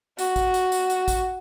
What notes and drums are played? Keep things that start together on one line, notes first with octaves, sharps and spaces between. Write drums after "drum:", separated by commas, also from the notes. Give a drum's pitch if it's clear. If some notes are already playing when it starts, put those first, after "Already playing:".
F#4, drum: tambourine
drum: kick, tambourine
drum: tambourine
drum: tambourine
drum: tambourine
drum: kick, tambourine